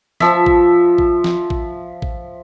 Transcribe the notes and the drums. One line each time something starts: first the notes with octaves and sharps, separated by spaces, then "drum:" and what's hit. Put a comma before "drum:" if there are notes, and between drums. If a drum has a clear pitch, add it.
F3 E5, drum: snare
drum: kick A1
drum: kick A1
drum: snare
drum: kick A1
drum: kick A1